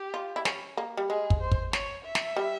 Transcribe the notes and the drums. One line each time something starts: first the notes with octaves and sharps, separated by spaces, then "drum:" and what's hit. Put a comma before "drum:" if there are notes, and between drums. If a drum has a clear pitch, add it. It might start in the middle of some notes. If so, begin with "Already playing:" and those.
Already playing: G4
F4
E4
C#4, drum: snare
A#3
G3
G#3 G#4
drum: kick
C5
drum: kick
C#5, drum: snare
E5
drum: snare
G3